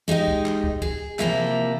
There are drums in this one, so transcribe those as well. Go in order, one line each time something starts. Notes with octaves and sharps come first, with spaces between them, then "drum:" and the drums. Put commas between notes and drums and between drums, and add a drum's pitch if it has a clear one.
G#3 D#4 G4 D#5
drum: kick
drum: clap
drum: kick
G#4, drum: kick
C3 F3 A#3 E4, drum: clap